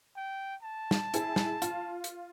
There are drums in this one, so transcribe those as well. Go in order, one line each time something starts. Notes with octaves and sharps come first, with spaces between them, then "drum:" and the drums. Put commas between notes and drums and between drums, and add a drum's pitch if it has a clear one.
G5
A5
drum: snare
E4 G#4, drum: hi-hat
drum: snare
F4, drum: hi-hat
drum: hi-hat